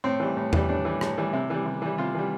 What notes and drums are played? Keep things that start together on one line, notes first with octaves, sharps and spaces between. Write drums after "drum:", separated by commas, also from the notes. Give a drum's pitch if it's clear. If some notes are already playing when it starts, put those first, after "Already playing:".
A2 C4
E3 G3
A2
E3 G3, drum: tom E2
A2 D4
E3 G3
A2, drum: rim click
E3 G3
C3 E4
E3 G3
C3
E3 G3
C3 F4
E3 G3